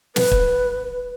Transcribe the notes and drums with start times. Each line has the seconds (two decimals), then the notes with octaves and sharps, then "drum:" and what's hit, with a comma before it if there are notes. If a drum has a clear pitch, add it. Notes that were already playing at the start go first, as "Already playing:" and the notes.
0.16 B4, drum: snare
0.31 drum: kick